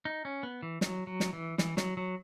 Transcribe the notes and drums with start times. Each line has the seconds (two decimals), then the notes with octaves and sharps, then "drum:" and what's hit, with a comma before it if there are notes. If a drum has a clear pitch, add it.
0.05 D#4
0.25 C#4
0.43 B3
0.63 E3
0.81 F#3, drum: snare
1.07 F#3
1.20 drum: snare
1.33 E3
1.58 E3, drum: snare
1.77 F#3, drum: snare
1.97 F#3